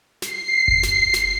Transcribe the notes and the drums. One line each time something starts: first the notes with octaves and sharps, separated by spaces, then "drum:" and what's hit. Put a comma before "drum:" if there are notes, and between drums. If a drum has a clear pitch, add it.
C7, drum: snare
drum: kick F#1
drum: snare
drum: snare